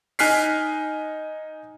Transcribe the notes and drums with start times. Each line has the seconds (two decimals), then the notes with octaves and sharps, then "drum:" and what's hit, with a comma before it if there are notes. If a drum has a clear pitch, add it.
0.19 D#4 G#5 F6 F#6 B6 C7, drum: open hi-hat